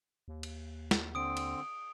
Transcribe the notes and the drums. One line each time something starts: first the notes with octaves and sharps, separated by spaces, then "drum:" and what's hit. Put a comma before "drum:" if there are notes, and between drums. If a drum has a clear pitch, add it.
D#2
drum: cymbal
drum: snare
D3 C4 D#6 D7
drum: cymbal